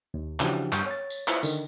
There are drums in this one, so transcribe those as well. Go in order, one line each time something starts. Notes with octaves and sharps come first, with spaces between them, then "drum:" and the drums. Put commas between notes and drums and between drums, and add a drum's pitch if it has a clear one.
D#2
C#3 E3 F3 D4 F#4 G4, drum: clap
G2 C#6 G6, drum: clap
C#5 A6
drum: tambourine
E4 F4 B4 C5 E5, drum: clap
D3 D#3, drum: tambourine